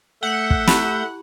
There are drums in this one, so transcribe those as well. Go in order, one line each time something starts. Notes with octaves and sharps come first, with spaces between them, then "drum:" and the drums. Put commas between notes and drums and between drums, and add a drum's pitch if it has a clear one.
A3 E5 F#5 G6
drum: kick
E4 G4 B5, drum: snare